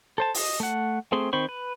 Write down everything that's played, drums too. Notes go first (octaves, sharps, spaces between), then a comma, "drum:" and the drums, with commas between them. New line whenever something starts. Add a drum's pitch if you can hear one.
A4 C5 A5
D#5, drum: open hi-hat
A3 F#5
A3 C4 G#4 C6
D#3 C4 C5 B5 C#6
B4